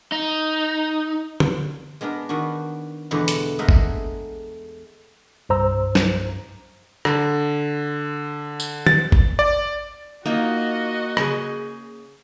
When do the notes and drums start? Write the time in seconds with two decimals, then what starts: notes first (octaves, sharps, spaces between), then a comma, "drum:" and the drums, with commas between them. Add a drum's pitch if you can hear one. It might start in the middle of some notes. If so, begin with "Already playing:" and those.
0.12 D#4
1.40 drum: tom D3
2.01 G#3 B3 D4 A#4
2.29 D#3 B3 D4 F#4
3.11 E2 B2 D3 G#3 B4
3.28 drum: hi-hat
3.59 G#3 A3 G#4 A#4 E5 F#5
3.69 drum: kick G#1
5.49 C2 G2 C5 A#5 E6
5.95 drum: snare
7.05 D3, drum: rim click
8.60 drum: tambourine
8.87 A6, drum: tom
9.12 drum: kick G#1
9.39 D5
10.26 A#3 D#4 F4 F#4 D#5
11.17 C#3 G#4, drum: rim click